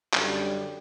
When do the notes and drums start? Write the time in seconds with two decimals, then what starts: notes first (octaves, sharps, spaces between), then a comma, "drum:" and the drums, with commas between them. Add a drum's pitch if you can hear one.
0.14 F#2 D3 G3, drum: clap